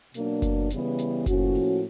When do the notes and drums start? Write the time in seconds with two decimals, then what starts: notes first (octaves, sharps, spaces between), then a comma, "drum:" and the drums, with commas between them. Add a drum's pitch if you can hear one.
0.14 B2 F#3 A#3 D4, drum: hi-hat
0.42 drum: kick F#1, hi-hat
0.70 C#3 E3 G3 B3, drum: hi-hat
0.99 drum: hi-hat
1.26 A2 F3 A#3 C#4 F#4, drum: kick F#1, hi-hat
1.55 drum: open hi-hat